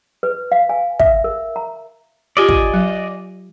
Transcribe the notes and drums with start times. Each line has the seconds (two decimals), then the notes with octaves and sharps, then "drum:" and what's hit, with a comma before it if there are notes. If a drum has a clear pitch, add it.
0.23 B4
0.52 F5
0.70 G#5
1.00 E5, drum: kick
1.24 A#4
1.56 A#5
2.37 F4 G4 D5 D#5 G#5 D6
2.49 drum: kick
2.74 F#3